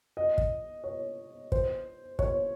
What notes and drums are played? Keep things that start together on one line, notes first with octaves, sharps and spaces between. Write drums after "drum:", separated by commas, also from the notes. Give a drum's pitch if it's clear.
D#5
drum: kick
C#5
C5, drum: kick
C#5, drum: kick